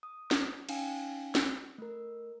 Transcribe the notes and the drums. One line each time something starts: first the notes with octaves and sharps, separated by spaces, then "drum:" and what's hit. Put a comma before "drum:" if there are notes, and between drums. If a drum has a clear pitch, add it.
D#6
drum: snare
C#4 D#4 F5 G5 G#5, drum: cymbal
drum: snare
A3 A#4